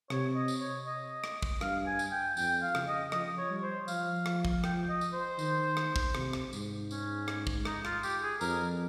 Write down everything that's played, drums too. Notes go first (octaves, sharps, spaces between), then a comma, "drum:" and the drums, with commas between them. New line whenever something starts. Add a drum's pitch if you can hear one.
C3 C#5, drum: rim click
D#5
drum: tambourine
C#5
D#5
drum: rim click
drum: kick
G2 F5, drum: rim click
G#5
drum: tambourine
G5
F2 G5, drum: tambourine
F5
C#3, drum: rim click
D#5
F3 D#5, drum: rim click
C#5
G3
C5
F3 F5, drum: tambourine
drum: rim click
drum: kick
G5, drum: rim click
D#5
drum: tambourine
C5
D#3, drum: tambourine
drum: rim click
drum: kick
C3, drum: rim click
drum: rim click
G#2, drum: tambourine
C#4, drum: tambourine
drum: rim click
drum: kick
D#4, drum: rim click
F4, drum: rim click
G4, drum: tambourine
G#4
F2 A#4, drum: tambourine